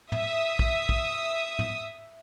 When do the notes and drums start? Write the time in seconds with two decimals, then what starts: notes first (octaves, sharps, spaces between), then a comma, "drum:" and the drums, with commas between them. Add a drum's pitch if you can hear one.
0.12 E5 D#6, drum: tom
0.59 drum: kick
0.89 drum: kick
1.59 drum: tom